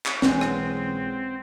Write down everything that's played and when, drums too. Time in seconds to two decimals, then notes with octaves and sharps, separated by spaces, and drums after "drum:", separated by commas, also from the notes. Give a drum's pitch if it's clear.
0.06 drum: clap
0.22 B1 E3 G#3 C4 C#4 G#4 B4 F#5, drum: snare
0.41 drum: rim click